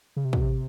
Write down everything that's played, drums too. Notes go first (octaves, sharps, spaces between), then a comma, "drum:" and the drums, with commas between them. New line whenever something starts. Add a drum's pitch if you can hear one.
C#3
C3
B2, drum: kick
C3